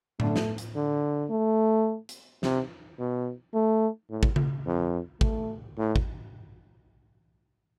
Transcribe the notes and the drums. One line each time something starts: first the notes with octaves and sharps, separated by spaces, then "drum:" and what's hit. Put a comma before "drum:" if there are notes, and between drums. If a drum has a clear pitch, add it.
D3 A3, drum: tom A2
drum: snare
drum: hi-hat
D3
A3
drum: hi-hat
C3, drum: snare
B2
A3
A2
drum: kick
drum: tom C#3
F2
A3, drum: kick
A2
drum: kick